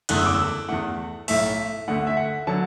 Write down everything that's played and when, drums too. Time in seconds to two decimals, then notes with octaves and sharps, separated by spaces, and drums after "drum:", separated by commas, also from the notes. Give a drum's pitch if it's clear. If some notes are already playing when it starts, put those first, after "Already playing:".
0.09 F#1 E2 D3 A3 F#6, drum: cymbal
0.18 E6
0.26 D6
0.34 E6
0.68 E2 E3 A3 F#5
1.28 B1 A2 A3 E5, drum: open hi-hat
1.88 D2 D3 A3 F#5
2.07 E5
2.17 F#5
2.47 D3 F#3 A5